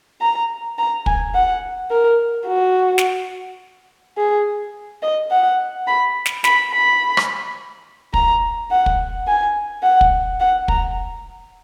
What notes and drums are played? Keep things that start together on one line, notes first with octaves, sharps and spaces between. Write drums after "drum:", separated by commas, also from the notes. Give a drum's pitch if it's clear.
A#5
A#5
G#5, drum: kick
F#5
A#4
F#4
drum: snare
G#4
D#5
F#5
B5
drum: snare
B5, drum: snare
B5
drum: rim click
A#5, drum: kick
F#5
drum: kick
G#5
F#5
drum: kick
F#5
A#5, drum: kick